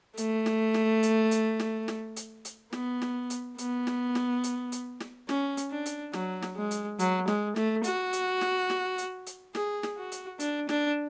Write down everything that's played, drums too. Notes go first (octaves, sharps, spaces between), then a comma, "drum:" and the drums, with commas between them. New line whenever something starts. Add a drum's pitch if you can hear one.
A3, drum: hi-hat
drum: snare
drum: snare
drum: hi-hat
drum: hi-hat
drum: snare
drum: snare
drum: hi-hat
drum: hi-hat
B3, drum: snare
drum: snare
drum: hi-hat
B3, drum: hi-hat
drum: snare
drum: snare
drum: hi-hat
drum: hi-hat
drum: snare
C#4, drum: snare
drum: hi-hat
D4
drum: hi-hat
F#3, drum: snare
drum: snare
G#3
drum: hi-hat
F#3, drum: hi-hat
G#3, drum: snare
A3, drum: snare
F#4, drum: hi-hat
drum: hi-hat
drum: snare
drum: snare
drum: hi-hat
drum: hi-hat
G#4, drum: snare
drum: snare
F#4
drum: hi-hat
D4, drum: hi-hat
D4, drum: snare